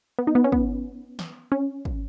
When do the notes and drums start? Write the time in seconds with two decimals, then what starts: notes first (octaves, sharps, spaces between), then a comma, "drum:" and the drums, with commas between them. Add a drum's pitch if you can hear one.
0.19 B3
0.27 D#4
0.35 B3
0.44 C#4
0.52 B3, drum: kick
1.19 drum: snare
1.52 C#4
1.85 drum: kick